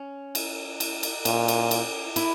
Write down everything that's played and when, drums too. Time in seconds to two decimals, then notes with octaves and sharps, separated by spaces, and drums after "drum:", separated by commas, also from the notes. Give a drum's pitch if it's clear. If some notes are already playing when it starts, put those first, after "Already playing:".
Already playing: C#4
0.35 drum: cymbal
0.80 drum: cymbal
1.03 drum: cymbal
1.25 A#2 C#4, drum: cymbal
1.48 drum: cymbal
1.71 drum: cymbal
2.16 E4, drum: cymbal